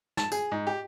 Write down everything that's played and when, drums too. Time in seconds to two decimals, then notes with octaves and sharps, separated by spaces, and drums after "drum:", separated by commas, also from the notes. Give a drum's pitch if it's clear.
0.17 A5, drum: snare
0.32 G#4, drum: tambourine
0.52 G#2
0.67 G4